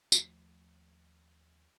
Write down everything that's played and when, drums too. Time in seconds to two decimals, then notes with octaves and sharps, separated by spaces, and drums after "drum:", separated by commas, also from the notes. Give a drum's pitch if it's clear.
0.12 D#2 F3 A3, drum: tambourine